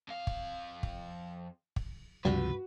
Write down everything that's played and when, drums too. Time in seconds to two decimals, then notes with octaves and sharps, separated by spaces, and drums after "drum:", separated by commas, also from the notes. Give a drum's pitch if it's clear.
0.08 F2 F5
0.27 drum: kick
0.83 drum: kick
1.76 drum: kick
2.25 C#2 G2 C3 F3 F#4 B4